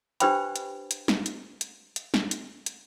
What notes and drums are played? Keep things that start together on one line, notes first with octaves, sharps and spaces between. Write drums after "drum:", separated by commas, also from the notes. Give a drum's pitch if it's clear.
D4 G4 B4 C5 G5 B5, drum: hi-hat
drum: hi-hat
drum: hi-hat
drum: snare
drum: hi-hat
drum: hi-hat
drum: hi-hat
drum: snare
drum: hi-hat
drum: hi-hat